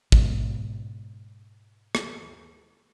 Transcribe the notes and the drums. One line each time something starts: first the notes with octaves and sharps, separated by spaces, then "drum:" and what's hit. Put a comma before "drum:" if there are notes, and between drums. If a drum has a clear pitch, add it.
G#2 B2 G#3, drum: kick
drum: rim click